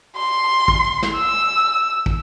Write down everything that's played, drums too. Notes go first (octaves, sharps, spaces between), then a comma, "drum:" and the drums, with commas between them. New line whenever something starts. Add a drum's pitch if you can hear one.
C6
drum: kick
drum: snare
E6
drum: kick